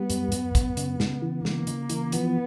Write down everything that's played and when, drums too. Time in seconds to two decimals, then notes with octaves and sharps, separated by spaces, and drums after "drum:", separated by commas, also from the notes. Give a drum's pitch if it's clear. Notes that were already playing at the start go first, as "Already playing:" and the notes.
Already playing: G3 B3
0.10 F#2, drum: hi-hat
0.32 F#2, drum: hi-hat
0.55 F#2, drum: kick, hi-hat
0.77 C#3, drum: hi-hat
1.00 C#3, drum: snare
1.22 E3
1.45 C#3 A#3, drum: snare
1.67 C#3, drum: hi-hat
1.90 E3, drum: hi-hat
2.12 F3 B3, drum: hi-hat